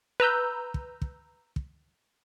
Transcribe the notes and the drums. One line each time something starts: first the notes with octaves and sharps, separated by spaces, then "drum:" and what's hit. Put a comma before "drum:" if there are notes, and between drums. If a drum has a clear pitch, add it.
B4 A#5 E6 G6
drum: kick
drum: kick
drum: kick